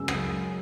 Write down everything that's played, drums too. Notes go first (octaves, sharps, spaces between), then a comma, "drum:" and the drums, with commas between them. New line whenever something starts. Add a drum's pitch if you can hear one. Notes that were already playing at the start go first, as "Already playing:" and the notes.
Already playing: F#2 C#3 G#3 E6
D#6, drum: rim click